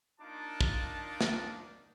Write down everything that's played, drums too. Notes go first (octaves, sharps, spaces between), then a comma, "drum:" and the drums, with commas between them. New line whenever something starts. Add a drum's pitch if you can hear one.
A#3 D4 D#4 F4 A5 D6
drum: kick
drum: snare